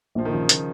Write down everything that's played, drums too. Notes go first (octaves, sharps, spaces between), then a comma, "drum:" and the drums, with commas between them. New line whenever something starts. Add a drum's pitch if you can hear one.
A#1 F3
D#3
C#3 F3
F3, drum: hi-hat